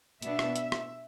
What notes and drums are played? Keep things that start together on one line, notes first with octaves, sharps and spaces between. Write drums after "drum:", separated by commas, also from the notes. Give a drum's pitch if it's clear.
B2 B3 D4 E5, drum: hi-hat
drum: rim click
drum: hi-hat
drum: rim click